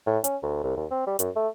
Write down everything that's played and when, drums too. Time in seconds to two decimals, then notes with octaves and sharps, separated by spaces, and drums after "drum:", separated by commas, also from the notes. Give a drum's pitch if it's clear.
0.07 A2
0.24 C#4, drum: hi-hat
0.43 D2
0.64 C2
0.77 D#2
0.91 C4
1.07 G3
1.19 F#2, drum: hi-hat
1.36 A3